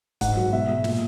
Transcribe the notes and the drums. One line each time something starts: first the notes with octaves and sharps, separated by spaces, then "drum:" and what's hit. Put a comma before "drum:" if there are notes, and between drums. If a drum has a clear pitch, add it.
G#2 F#5, drum: kick, hi-hat
F#3
B2 E5
G#3
A#2, drum: snare